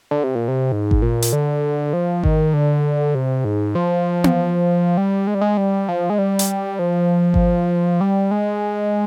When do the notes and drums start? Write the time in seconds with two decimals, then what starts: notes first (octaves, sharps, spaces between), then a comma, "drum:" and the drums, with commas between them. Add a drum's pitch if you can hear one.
0.11 D3
0.24 C3
0.35 A#2
0.48 C3
0.72 G#2
0.91 drum: kick G#1
1.02 A#2
1.22 drum: hi-hat
1.33 D3
1.93 F3
2.23 D#3, drum: kick G#1
2.54 D3
3.15 C3
3.45 G#2
3.75 F3
4.24 drum: tom B3
4.97 G3
5.27 G#3
5.35 G3
5.41 G#3
5.57 G3
5.89 F3
6.10 G#3
6.18 G3
6.39 drum: hi-hat
6.79 F3
7.34 drum: kick G#1
8.01 G3
8.31 G#3